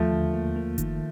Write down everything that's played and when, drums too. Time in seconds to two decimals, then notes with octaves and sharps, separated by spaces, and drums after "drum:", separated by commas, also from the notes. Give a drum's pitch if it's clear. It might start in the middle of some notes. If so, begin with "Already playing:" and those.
Already playing: D#2 F3 A3
0.12 D3
0.34 A#3
0.56 A#3
0.78 D#3, drum: kick F#1, hi-hat